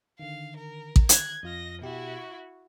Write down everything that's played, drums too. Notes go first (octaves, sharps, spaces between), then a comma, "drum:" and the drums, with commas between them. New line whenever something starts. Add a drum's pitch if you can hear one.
D3 D#3 F5
A#4
drum: kick A1
F#6 G#6, drum: hi-hat
F2 F4 D#5 F6 A#6
B2 E4 F#4 G4
C#6